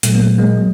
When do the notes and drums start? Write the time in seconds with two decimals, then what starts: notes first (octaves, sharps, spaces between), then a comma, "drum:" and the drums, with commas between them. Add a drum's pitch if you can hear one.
0.03 A#2 F#3 A3, drum: hi-hat
0.15 A#3
0.22 A3
0.38 G#3 A#3
0.57 F#3